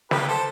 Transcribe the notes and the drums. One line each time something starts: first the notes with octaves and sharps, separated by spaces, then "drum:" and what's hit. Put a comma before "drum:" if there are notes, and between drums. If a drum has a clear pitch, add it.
G4 B4, drum: snare
A4 C5